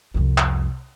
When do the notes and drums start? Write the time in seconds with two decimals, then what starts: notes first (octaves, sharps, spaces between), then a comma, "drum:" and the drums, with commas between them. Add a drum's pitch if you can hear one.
0.14 C2 F2
0.38 drum: clap